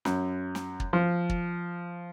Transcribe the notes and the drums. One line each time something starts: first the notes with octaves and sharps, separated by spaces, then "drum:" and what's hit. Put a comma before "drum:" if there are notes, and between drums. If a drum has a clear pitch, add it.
F#2, drum: snare
drum: snare
drum: kick
F3
drum: kick